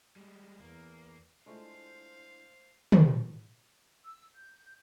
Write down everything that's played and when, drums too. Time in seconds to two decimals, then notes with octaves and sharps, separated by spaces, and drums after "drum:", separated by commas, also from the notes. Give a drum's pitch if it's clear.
0.16 G3 G#3
0.60 E2 A#3
1.46 G#3 A3 D4 E4 F4 C5 F5
2.92 drum: tom
4.04 E6
4.35 G6